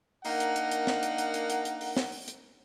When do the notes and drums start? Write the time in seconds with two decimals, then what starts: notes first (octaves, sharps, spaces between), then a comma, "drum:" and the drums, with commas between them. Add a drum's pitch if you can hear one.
0.25 A#3 D4 D#4 A#4 F#5, drum: open hi-hat
0.40 drum: hi-hat
0.56 drum: hi-hat
0.71 drum: hi-hat
0.87 drum: snare
1.03 drum: hi-hat
1.18 drum: hi-hat
1.34 drum: hi-hat
1.50 drum: hi-hat
1.65 drum: hi-hat
1.81 drum: open hi-hat
1.97 drum: snare
2.12 drum: open hi-hat
2.28 drum: hi-hat